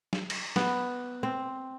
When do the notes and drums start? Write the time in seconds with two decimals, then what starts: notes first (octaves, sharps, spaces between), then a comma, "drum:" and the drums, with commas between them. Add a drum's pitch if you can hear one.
0.13 drum: snare
0.30 drum: cymbal
0.56 B3, drum: snare
1.23 C4